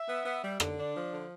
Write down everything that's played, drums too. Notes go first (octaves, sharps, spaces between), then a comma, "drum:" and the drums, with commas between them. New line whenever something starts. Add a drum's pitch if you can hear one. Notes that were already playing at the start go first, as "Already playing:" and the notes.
Already playing: E5
B3
B3
G3
D3, drum: rim click
D4
F3
D3